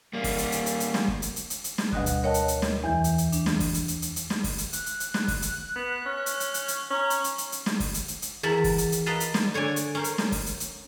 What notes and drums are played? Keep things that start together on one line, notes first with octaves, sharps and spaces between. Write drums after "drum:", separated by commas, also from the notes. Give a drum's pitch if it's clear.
G3 A#3
drum: kick, open hi-hat
drum: hi-hat
drum: hi-hat
drum: hi-hat
drum: hi-hat
drum: snare
drum: kick
drum: hi-hat
drum: hi-hat
drum: hi-hat
drum: hi-hat
drum: snare
D2 B2 G3 D#5 D#6 F#6, drum: kick
drum: hi-hat
A#4 C#5 D#5 G5 A5 F#6
drum: hi-hat
drum: hi-hat
drum: snare
E2 E3 G6
drum: hi-hat
drum: hi-hat
D4, drum: hi-hat
drum: snare
drum: kick, open hi-hat
drum: hi-hat
drum: hi-hat
drum: hi-hat
drum: hi-hat
drum: snare
drum: kick, open hi-hat
drum: hi-hat
F#6, drum: hi-hat
drum: hi-hat
drum: hi-hat
drum: snare
drum: kick, open hi-hat
drum: hi-hat
B3
C#4
drum: hi-hat
drum: hi-hat
drum: hi-hat
drum: hi-hat
C#4 A#5
drum: hi-hat
drum: hi-hat
drum: hi-hat
drum: hi-hat
drum: snare
drum: kick, open hi-hat
drum: hi-hat
drum: hi-hat
drum: hi-hat
E2 A#4 A5 B5
drum: kick, open hi-hat
drum: hi-hat
drum: hi-hat
A#4 B4 D#5 F5 A5 B5
drum: hi-hat
drum: snare
D3 C#5 D5 G#5
drum: hi-hat
C#4 A#4 C5
drum: hi-hat
drum: snare
drum: kick, open hi-hat
drum: hi-hat
drum: hi-hat